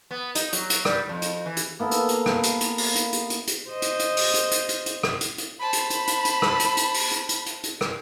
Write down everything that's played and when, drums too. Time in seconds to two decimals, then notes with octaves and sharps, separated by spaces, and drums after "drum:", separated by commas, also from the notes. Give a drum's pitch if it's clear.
0.11 B3
0.35 D#4, drum: hi-hat
0.53 F#3, drum: hi-hat
0.70 drum: hi-hat
0.85 G3, drum: rim click
1.09 F2
1.22 drum: hi-hat
1.46 E3
1.57 drum: hi-hat
1.80 A#3 B3 E4 A4
1.91 drum: hi-hat
2.09 drum: hi-hat
2.26 drum: rim click
2.43 drum: hi-hat
2.61 drum: hi-hat
2.78 drum: open hi-hat
2.95 drum: hi-hat
3.13 drum: hi-hat
3.30 drum: hi-hat
3.47 drum: hi-hat
3.69 C5 D#5
3.82 drum: hi-hat
3.99 drum: hi-hat
4.17 drum: open hi-hat
4.34 drum: hi-hat
4.51 drum: hi-hat
4.69 drum: hi-hat
4.86 drum: hi-hat
5.03 drum: rim click
5.21 drum: hi-hat
5.38 drum: hi-hat
5.60 C5 A5 B5
5.73 drum: hi-hat
5.90 drum: hi-hat
6.07 drum: hi-hat
6.25 drum: hi-hat
6.42 drum: rim click
6.60 drum: hi-hat
6.77 drum: hi-hat
6.94 drum: open hi-hat
7.12 drum: hi-hat
7.29 drum: hi-hat
7.46 drum: hi-hat
7.64 drum: hi-hat
7.81 drum: rim click